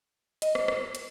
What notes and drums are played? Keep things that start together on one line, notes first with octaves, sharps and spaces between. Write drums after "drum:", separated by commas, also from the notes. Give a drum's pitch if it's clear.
D#5, drum: hi-hat
drum: rim click
drum: rim click
drum: hi-hat